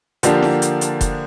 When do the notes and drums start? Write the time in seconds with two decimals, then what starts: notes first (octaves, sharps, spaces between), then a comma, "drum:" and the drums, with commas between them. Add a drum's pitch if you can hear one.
0.23 D3 F3 A#3 D4 G4, drum: hi-hat
0.42 drum: snare E4
0.62 drum: hi-hat
0.81 drum: hi-hat
1.01 drum: kick F1, hi-hat